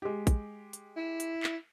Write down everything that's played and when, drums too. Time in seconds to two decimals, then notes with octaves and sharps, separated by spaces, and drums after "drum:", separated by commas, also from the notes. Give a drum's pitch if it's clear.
0.02 G#3 G4
0.27 drum: kick, hi-hat
0.73 drum: hi-hat
0.97 E4
1.20 drum: hi-hat
1.43 drum: clap